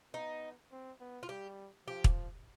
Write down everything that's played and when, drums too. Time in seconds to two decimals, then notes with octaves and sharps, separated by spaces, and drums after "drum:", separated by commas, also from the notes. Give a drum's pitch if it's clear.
0.13 B3 D#4
0.72 C4
1.00 B3
1.23 F4
1.29 G3 G4
1.87 F3 G4
2.04 drum: kick